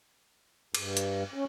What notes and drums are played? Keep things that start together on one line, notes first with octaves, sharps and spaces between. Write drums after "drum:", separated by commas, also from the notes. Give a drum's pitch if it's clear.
G2, drum: cymbal
drum: hi-hat
C#4